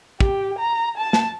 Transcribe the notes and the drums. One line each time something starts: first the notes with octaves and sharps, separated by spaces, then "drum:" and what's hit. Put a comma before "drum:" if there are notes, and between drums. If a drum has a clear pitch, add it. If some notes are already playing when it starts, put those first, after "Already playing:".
G4, drum: kick
A#5
A5
drum: snare